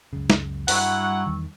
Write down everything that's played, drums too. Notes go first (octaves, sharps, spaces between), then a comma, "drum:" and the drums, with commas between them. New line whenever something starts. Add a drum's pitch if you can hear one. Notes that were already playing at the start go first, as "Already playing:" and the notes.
C#2 F#2 C#3
drum: snare
G2 F#3 G3 E4 F#5 C#6 E6, drum: open hi-hat
E2 D#3